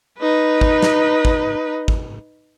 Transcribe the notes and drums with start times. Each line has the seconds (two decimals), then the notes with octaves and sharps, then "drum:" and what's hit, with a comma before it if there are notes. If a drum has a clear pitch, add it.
0.19 D#4 B4
0.61 drum: kick
0.82 drum: snare
1.25 drum: kick
1.88 drum: kick